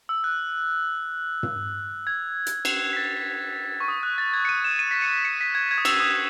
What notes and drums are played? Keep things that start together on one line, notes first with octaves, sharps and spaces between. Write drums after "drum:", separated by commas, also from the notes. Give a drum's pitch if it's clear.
E6
F#6
drum: tom
G#6
drum: hi-hat
drum: cymbal
B6
A6
C#6
D#6
F#6
A6
G#6
C#7
D#7
E7
D#7
B6
C#7
C#7
B6
G#6
G#6
D#6
E6, drum: cymbal
D#6